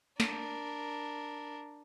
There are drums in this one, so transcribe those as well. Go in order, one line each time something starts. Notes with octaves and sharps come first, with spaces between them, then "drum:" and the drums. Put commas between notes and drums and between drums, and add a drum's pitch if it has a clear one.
D4 A#4, drum: snare